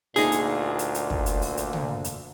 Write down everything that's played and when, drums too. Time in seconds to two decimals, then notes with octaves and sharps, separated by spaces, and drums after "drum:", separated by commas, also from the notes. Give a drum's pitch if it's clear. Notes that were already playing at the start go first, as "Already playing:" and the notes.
0.16 D2 A#2 D#4 G#4, drum: open hi-hat
0.32 drum: hi-hat
0.79 drum: hi-hat
0.95 drum: hi-hat
1.10 drum: kick
1.26 drum: hi-hat
1.42 drum: open hi-hat
1.57 drum: hi-hat
1.73 drum: tom
2.04 drum: hi-hat